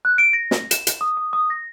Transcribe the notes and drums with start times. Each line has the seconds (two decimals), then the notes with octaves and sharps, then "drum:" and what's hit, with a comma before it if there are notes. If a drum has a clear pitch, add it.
0.05 F#6
0.18 D7
0.33 A#6
0.51 drum: snare
0.71 E7, drum: hi-hat
0.87 drum: hi-hat
1.01 D#6
1.17 D#6
1.33 D#6
1.50 A#6